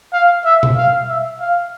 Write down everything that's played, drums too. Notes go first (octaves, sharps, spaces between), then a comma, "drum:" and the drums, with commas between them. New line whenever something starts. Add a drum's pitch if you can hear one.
F5
E5
drum: tom B2
F5
E5
F5